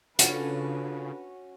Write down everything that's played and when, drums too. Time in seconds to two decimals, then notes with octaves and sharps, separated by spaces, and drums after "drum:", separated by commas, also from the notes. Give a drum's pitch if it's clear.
0.19 C#3 C#4 D4 F4 F#4 A4 B4, drum: hi-hat